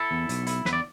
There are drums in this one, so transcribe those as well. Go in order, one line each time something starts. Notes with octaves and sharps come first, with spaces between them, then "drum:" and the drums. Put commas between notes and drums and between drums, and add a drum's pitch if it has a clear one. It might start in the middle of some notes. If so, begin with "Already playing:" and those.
Already playing: E4 A4
E2
B1, drum: hi-hat
E4, drum: hi-hat
E2 B4, drum: snare
D5